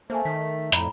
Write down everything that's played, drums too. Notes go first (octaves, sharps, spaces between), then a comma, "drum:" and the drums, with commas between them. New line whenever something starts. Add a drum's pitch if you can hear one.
A3 A#3 C5 G#5
D#3 B6
F2 A2 A#5 B5, drum: hi-hat